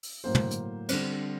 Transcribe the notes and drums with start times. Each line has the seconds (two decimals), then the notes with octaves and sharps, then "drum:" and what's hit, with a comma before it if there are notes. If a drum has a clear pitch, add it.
0.03 drum: open hi-hat
0.24 A2 F#3 A#3 C5
0.35 drum: tom
0.51 drum: hi-hat
0.89 D3 G3 C4, drum: cymbal